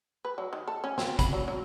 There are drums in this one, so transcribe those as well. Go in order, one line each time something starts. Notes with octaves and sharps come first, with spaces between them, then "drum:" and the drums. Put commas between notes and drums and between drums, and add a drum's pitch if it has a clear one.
B4
F#3
D#3
A4
C#4
C4, drum: snare
B5, drum: kick, hi-hat
F#3
F#3